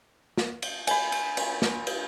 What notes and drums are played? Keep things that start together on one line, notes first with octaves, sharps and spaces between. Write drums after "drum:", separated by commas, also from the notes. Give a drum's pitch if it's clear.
drum: snare
drum: cymbal
G#5 B5, drum: cymbal
drum: cymbal
drum: cymbal
drum: snare
drum: cymbal